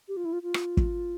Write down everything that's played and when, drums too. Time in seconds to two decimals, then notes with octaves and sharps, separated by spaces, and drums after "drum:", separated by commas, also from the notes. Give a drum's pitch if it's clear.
0.08 G4
0.17 F4
0.25 E4
0.33 F4
0.43 F4
0.54 drum: rim click
0.77 drum: kick